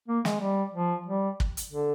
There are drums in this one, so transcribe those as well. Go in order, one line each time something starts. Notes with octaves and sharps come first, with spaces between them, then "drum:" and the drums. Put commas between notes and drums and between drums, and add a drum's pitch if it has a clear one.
A#3
G#3, drum: snare
G3
F3
G3
drum: kick
drum: hi-hat
D3